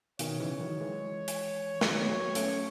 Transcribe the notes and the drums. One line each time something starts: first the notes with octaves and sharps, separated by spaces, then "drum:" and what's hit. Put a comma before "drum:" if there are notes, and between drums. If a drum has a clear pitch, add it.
B2 D#3 C#5, drum: hi-hat
C#3 E3
D#3 F#3
E3 G#3
drum: hi-hat
D#3 F#3 C#5, drum: snare
B3
F#3 A3
A3 C#4, drum: hi-hat